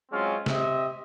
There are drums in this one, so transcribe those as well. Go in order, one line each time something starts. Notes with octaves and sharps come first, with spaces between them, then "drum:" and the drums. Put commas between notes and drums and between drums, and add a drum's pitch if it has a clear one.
F#3 G#3 C4 C#4 F4
C4 G4 D#5 E5, drum: snare